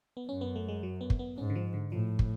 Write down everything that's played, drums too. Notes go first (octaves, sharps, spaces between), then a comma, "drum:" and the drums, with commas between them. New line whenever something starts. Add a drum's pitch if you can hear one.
B3
F#2 C#4
B3
A3
G#3
F#3
B3
drum: kick
B3
G#2 C#4
D3
F3
D3
A2 F3
drum: kick